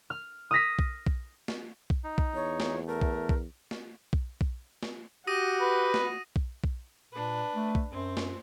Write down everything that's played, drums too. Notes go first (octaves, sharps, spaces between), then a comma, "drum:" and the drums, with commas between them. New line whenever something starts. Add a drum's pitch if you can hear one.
F6
D#6 F6 A#6 B6
drum: kick B1
drum: kick B1
drum: snare
drum: kick B1
D#4
drum: kick B1
E2 C#5
drum: snare
A3 A#4
drum: kick B1
drum: kick B1
drum: snare
drum: kick B1
drum: kick B1
drum: snare
F#4 G4 D#6 A#6 D#7
B4
drum: snare
drum: kick B1
drum: kick B1
A#2 D4 B4
A3
drum: kick B1
F#2 C4
drum: snare